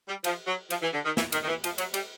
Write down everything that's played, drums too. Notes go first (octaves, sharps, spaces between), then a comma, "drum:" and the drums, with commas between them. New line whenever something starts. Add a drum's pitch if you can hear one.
G3
F3, drum: cymbal
F#3
F3, drum: cymbal
E3
D3
D#3
E3, drum: snare
D#3, drum: cymbal
D#3
E3
F3, drum: cymbal
F#3, drum: cymbal
G3, drum: cymbal